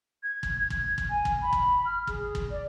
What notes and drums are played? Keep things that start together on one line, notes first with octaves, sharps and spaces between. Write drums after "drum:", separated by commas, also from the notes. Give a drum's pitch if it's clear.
G#6
drum: kick
G#6
drum: kick
drum: kick
G#5
drum: kick
B5
drum: kick
F6
G#4, drum: kick
drum: kick
D5